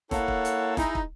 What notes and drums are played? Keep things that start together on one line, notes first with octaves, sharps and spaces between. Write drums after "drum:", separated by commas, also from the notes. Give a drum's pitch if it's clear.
A#3 E4 A4 C#5 F#5 A5, drum: snare
drum: kick
drum: hi-hat
D#4 E4 G#4, drum: snare
drum: kick